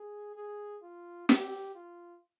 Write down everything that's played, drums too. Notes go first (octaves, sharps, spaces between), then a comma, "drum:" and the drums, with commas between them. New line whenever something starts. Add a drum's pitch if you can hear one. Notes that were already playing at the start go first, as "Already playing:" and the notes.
Already playing: G#4
G#4
F4
G4, drum: snare
F4